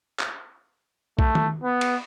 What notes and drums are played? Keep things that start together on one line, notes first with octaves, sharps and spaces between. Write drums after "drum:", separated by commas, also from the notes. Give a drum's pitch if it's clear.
drum: clap
A3, drum: kick
drum: tom
B3
drum: cymbal